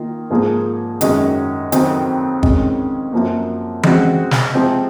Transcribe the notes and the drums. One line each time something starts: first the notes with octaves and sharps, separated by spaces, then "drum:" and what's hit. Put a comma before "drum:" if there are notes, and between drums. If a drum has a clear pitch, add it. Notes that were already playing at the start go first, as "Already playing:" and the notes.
Already playing: D#3 A#3 F4
G#2 F3 A#3 F4 G#4
F#2 D#3 G#3 C#4, drum: hi-hat
F2 D#3 F#3 C4, drum: hi-hat
F2 D#3 G#3 C#4, drum: kick G1
F#2 F3 A#3
C#3 G#3 C4 F#4, drum: tom E3
drum: snare
C3 F3 G#3 C4